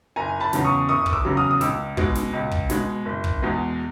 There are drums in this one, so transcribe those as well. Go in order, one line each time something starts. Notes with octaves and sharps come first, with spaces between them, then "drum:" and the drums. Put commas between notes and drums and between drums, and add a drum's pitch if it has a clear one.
F#1 G#5 A#5
A5 B5
E2 C#3 F#3, drum: snare
C#6 D#6
F#1 C#6 D#6
D#6, drum: kick
D6 E6
E2 C#3 F#3
D#6 F6
D#6
C#2 D6 E6, drum: snare
B2 G#3, drum: kick
drum: snare
C#2
drum: kick
B2 G#3, drum: snare
F#1
drum: kick
E2 B2 G#3 B3